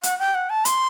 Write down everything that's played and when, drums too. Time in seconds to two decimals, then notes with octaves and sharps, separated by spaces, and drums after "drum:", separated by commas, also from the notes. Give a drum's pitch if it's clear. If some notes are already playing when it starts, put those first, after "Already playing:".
0.03 F#5, drum: hi-hat
0.19 G5
0.35 F#5
0.50 A5
0.65 C6, drum: hi-hat